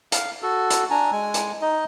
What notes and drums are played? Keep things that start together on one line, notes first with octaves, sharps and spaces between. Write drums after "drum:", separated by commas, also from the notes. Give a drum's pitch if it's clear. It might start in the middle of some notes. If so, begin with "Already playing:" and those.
F5, drum: hi-hat
F#4 A4
drum: hi-hat
D4 G#5 A#5
G#3 G#5
drum: hi-hat
D#4 D#5